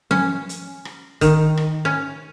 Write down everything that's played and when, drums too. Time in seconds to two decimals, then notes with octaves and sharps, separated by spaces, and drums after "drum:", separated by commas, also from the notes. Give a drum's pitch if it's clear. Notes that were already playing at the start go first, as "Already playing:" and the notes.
0.11 C#4, drum: tom F3
0.49 drum: hi-hat
0.85 drum: rim click
1.21 D#3, drum: kick, hi-hat
1.57 drum: rim click
1.85 C#4